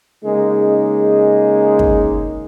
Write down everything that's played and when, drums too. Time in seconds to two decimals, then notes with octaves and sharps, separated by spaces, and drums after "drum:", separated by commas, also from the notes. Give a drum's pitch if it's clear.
0.24 C#3 G#3 A#3 D#4
1.79 drum: kick